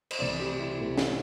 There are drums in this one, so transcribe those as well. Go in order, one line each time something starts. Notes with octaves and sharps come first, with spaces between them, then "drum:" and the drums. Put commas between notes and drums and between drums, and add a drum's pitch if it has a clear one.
C5, drum: cymbal
C2 C3 E3 A3 C4 D5
G4
E4
C2 C3 E3 A3 C4
drum: snare